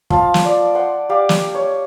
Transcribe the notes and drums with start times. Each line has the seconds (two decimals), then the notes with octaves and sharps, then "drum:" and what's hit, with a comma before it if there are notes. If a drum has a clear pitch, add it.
0.10 F3 F5 A5, drum: kick
0.34 drum: snare
0.45 D5
0.75 F#5 G5 C6
1.09 G4 D5 F5
1.29 drum: snare
1.55 C#5